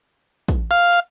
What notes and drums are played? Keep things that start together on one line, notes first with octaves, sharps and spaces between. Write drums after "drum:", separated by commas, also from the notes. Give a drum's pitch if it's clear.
drum: kick, hi-hat
F5
drum: hi-hat